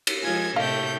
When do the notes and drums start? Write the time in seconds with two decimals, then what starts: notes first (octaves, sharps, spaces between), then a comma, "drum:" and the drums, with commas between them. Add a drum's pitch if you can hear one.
0.07 drum: cymbal
0.23 F3 G#3 F4 G#5 G#6
0.56 A2 C3 A3 G4 D#5 F5 G6